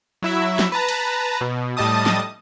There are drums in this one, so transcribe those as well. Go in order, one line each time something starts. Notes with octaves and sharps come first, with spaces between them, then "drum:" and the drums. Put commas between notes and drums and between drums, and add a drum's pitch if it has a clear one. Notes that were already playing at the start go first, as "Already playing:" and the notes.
F#3 E4 E5
drum: snare
B4 A5 A#5
drum: cymbal
B2
A2 G3 D#5 A5 D#6
drum: snare